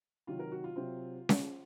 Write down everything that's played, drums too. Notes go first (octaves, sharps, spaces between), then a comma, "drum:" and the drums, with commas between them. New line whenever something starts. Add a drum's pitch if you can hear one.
C3 D#3 F#3 F4
A#4
F#4
F4
C3 F#3 C4
drum: snare C#4